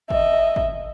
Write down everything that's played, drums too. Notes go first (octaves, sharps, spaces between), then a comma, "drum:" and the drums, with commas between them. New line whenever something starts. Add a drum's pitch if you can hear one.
D#5 E5, drum: kick G#1
drum: kick G#1